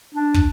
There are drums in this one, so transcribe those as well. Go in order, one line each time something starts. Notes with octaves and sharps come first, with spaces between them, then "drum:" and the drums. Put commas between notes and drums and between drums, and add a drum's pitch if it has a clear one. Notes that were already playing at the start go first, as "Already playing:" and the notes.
D4
drum: kick